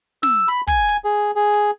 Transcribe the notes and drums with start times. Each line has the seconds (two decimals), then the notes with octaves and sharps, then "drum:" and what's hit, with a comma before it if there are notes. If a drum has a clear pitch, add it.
0.23 E6, drum: snare
0.48 B5, drum: hi-hat
0.67 G#5, drum: kick, hi-hat
0.89 drum: hi-hat
1.04 G#4
1.35 G#4
1.54 drum: hi-hat